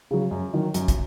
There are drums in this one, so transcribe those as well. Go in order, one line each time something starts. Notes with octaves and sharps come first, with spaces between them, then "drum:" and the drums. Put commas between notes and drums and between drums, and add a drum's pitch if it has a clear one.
C#3 F#3
F#2
D#3 F#3
F#2, drum: hi-hat
drum: kick, hi-hat